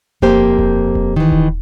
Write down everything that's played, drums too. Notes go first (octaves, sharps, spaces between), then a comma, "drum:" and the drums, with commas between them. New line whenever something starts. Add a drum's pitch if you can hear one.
F2 A#3 G4 C5, drum: kick D#1
drum: kick D#1
drum: kick D#1
D#3 E3
drum: kick D#1